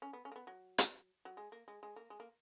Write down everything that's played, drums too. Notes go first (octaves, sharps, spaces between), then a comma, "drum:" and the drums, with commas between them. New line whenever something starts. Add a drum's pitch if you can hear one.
C#4
B3
C#4
A#3
B3
F#3
drum: hi-hat
F#3
G#3
A#3
G#3
G#3
A#3
G#3
A#3